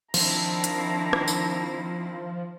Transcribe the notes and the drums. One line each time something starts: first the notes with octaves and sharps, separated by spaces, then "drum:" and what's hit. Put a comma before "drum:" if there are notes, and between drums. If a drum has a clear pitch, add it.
D#3 F3 C4 D4 E4 A#5, drum: cymbal
drum: hi-hat
drum: rim click
drum: tambourine